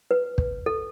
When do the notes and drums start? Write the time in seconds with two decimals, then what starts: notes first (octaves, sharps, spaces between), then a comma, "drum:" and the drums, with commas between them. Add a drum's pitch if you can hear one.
0.11 B4
0.38 drum: kick
0.66 A4